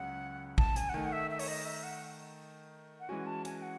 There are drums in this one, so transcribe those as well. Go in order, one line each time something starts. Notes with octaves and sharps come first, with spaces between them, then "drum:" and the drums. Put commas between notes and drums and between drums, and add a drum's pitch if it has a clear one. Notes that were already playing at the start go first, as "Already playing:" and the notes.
Already playing: C#2 C#3 F#3 C#4 F#5
A5, drum: kick
G#5, drum: hi-hat
F#5
D#3 A3 D#4 G#5
F#5
E5
E5
C#5, drum: open hi-hat
D#5
E5
F#5
F#5
E3 G#3 C#4 F#4 G#5
A5
G#5, drum: hi-hat
F#5